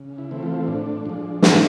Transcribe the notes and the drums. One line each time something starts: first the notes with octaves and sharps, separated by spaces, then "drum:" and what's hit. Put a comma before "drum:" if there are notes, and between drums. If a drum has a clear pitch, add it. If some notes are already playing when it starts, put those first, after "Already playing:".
Already playing: C#3
E4
E3 A3 C4
F4
A2 D4
F3 G#3 D4
A2 D#4, drum: snare